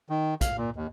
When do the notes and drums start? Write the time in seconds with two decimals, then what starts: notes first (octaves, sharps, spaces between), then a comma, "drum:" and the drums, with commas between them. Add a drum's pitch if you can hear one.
0.10 D#3
0.41 F5, drum: kick, hi-hat
0.58 A#2
0.76 D#2